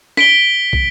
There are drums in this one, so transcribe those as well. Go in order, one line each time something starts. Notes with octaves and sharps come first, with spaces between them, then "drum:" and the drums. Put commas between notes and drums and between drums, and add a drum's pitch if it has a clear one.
B6 D7 G7, drum: snare
drum: kick